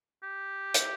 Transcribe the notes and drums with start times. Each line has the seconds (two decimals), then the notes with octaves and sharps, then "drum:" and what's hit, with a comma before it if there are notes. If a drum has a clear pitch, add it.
0.23 G4
0.74 drum: hi-hat